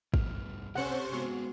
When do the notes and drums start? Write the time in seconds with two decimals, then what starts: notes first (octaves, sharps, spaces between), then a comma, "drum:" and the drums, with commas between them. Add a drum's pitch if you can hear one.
0.14 G2 B2 F6, drum: kick
0.75 C3 C#4 A4 C5 F#5 C#6
1.13 G#3 B3 C4 F#4 G#5